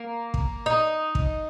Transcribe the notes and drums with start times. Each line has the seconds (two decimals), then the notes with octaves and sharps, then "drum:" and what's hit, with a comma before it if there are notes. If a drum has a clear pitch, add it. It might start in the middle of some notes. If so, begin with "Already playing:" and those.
Already playing: A#3
0.34 drum: kick
0.66 D#4
1.15 drum: kick